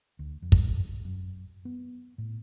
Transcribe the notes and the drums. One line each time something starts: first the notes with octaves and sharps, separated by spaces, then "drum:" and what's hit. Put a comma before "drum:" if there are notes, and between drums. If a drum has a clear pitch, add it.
D2
F2
drum: kick
F#2
B3
A2